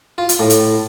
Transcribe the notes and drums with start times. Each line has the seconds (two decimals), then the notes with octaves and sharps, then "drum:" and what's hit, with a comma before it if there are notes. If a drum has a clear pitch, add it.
0.18 F4
0.29 drum: hi-hat
0.39 A2
0.50 drum: hi-hat